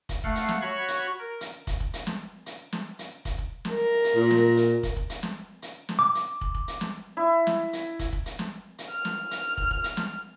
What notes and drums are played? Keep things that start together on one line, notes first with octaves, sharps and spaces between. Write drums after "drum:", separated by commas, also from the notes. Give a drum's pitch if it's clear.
drum: kick, hi-hat
A3 F5 F#5, drum: kick
drum: hi-hat
drum: snare
F#4 C#5 B5 C#6 F#6
drum: hi-hat
A#4
drum: hi-hat
drum: kick, hi-hat
drum: kick
drum: hi-hat
drum: snare
drum: hi-hat
drum: snare
drum: hi-hat
drum: kick, hi-hat
drum: kick
drum: snare
A#4
drum: hi-hat
A#2
drum: snare
drum: hi-hat
drum: kick, hi-hat
drum: kick
drum: hi-hat
drum: snare
drum: hi-hat
drum: snare
D6
drum: hi-hat
drum: kick
drum: kick
drum: hi-hat
drum: snare
E4
drum: snare
drum: hi-hat
drum: kick, hi-hat
drum: kick
drum: hi-hat
drum: snare
drum: hi-hat
F6
drum: snare
drum: hi-hat
drum: kick
drum: kick
drum: hi-hat
drum: snare